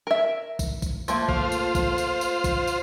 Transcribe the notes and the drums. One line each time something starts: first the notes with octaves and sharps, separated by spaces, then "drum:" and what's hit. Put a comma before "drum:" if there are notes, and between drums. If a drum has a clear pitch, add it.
A#4 E5
drum: kick A#1, tambourine
drum: kick A#1, tambourine
F3 A3 A#3, drum: tambourine
F4 C5, drum: kick A#1
drum: tambourine
drum: kick A#1, tambourine
drum: tambourine
drum: tambourine
drum: kick A#1, tambourine
drum: tambourine